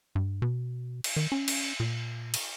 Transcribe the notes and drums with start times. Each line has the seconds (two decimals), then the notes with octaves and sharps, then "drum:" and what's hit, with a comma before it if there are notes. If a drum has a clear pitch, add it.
0.15 G2
0.42 B2
1.04 drum: cymbal
1.16 D#3
1.32 C#4
1.48 drum: cymbal
1.80 A#2
2.34 drum: cymbal